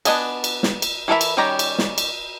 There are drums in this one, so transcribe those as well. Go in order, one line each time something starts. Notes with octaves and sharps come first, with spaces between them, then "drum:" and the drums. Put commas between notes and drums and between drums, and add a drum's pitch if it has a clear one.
B3 D4 D#5 G#5 A5, drum: cymbal
drum: cymbal
drum: snare
drum: cymbal
E3 A4 A#4 E5 B5
drum: cymbal
D#3 G3 C#4 G4 A#5
drum: cymbal
drum: snare
drum: cymbal